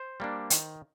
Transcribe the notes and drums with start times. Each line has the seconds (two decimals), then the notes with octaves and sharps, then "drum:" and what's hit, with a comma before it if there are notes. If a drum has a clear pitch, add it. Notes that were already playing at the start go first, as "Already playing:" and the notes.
Already playing: C5
0.20 G3 A#3 D4
0.50 D#3, drum: hi-hat